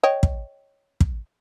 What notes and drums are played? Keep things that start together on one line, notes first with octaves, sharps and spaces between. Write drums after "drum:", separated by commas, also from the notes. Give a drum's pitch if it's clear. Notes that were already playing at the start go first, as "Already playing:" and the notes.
C#5 D#5 G5
drum: kick
drum: kick